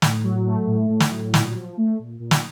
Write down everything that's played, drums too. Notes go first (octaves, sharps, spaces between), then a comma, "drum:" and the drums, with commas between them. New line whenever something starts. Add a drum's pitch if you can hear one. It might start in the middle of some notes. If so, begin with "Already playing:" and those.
A2, drum: snare
F#3
A3
A2
A2
drum: snare
F#3
A#2, drum: snare
F3
A3
A#2
A#2
drum: snare